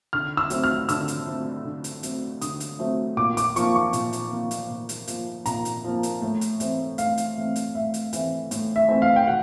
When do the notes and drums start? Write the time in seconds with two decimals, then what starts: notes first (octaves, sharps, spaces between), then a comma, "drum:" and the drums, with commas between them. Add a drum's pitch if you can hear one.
0.13 D3 F6
0.37 E6
0.50 F#3 A3 C4, drum: hi-hat
0.64 F6
0.89 D3 E6, drum: hi-hat
1.08 drum: hi-hat
1.26 F#3 A3 C4
1.65 D3
1.84 drum: hi-hat
2.03 F#3 A3 C4, drum: hi-hat
2.41 D3 D#6, drum: hi-hat
2.60 drum: hi-hat
2.79 F#3 A3 C4
3.17 A#2 D6
3.37 D6, drum: hi-hat
3.56 F3 A#3 C#6, drum: hi-hat
3.75 C#6
3.93 A#2, drum: hi-hat
4.13 drum: hi-hat
4.31 F3 A#3
4.51 drum: hi-hat
4.70 A#2
4.89 drum: hi-hat
5.08 F3 A#3, drum: hi-hat
5.46 A#2 A#5, drum: hi-hat
5.65 drum: hi-hat
5.85 F3 A#3
6.03 drum: hi-hat
6.22 A2
6.41 drum: hi-hat
6.60 E3 A3 C4, drum: hi-hat
6.98 A2 F5, drum: hi-hat
7.17 drum: hi-hat
7.37 E3 A3 C4
7.56 drum: hi-hat
7.75 A2 E5
7.94 drum: hi-hat
8.13 E3 A3 C4, drum: hi-hat
8.51 A2, drum: hi-hat
8.76 E5
8.88 E3 A3 C4
9.02 F5
9.16 G5
9.27 B2 F#5